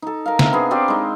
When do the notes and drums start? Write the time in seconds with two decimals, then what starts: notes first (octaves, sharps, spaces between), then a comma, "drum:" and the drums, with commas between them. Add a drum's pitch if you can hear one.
0.02 D#4 A4
0.26 A#4 F5
0.39 C3, drum: snare
0.53 B3 D4 G#4
0.71 C4 G4 D5 F5
0.88 G#3 D#4